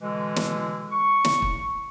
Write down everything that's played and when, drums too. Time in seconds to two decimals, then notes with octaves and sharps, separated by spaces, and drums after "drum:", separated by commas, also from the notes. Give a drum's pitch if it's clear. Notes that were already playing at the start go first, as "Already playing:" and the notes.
0.01 B2 D3 E3 G#3
0.36 drum: snare
0.91 C#6
1.25 drum: snare
1.42 drum: kick